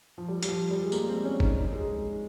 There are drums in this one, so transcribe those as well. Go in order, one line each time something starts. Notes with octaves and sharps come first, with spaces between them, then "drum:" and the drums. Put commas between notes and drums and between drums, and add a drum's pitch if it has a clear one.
F3
G3
G3, drum: hi-hat
F3
G3
G#3
A#3, drum: tambourine
C4
C#4
D#4, drum: kick
D#4
G#3